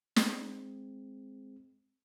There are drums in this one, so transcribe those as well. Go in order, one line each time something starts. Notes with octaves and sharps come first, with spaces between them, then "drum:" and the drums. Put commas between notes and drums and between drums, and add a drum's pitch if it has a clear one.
G#3 C4, drum: snare